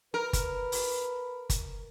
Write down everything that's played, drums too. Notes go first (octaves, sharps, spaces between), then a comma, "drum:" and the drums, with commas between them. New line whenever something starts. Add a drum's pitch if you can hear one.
A#4 B4
drum: kick, hi-hat
drum: open hi-hat
drum: kick, hi-hat